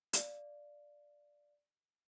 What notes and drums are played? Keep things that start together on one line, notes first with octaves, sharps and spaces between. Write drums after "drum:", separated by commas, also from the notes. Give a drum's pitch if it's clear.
D5 F5, drum: hi-hat